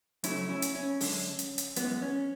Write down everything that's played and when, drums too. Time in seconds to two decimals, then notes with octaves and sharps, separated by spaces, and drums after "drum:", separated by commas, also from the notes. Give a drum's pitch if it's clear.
0.24 F#2 C#3 F#3 A3 C#4 E4, drum: hi-hat
0.49 C#4 E4
0.62 drum: hi-hat
0.75 C#4
1.01 F#2 D3 G#3, drum: open hi-hat
1.39 drum: hi-hat
1.58 drum: hi-hat
1.76 F#2 E3 G#3 B3, drum: hi-hat
2.02 C#4